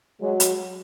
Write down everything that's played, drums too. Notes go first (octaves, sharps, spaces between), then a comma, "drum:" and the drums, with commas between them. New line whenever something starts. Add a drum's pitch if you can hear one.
F#3 G#3
drum: hi-hat